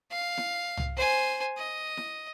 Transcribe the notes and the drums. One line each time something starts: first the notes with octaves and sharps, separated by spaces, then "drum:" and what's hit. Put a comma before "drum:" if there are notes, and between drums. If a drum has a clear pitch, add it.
F5
drum: snare E4
drum: tom
C5 G#5
D#5
drum: snare E4